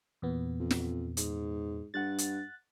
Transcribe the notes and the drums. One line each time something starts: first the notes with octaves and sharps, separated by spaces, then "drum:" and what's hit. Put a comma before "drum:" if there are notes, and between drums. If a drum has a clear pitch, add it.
E2 A#2 B3
F2
drum: snare
G#2, drum: hi-hat
G2 F#5 F#6 A6
drum: hi-hat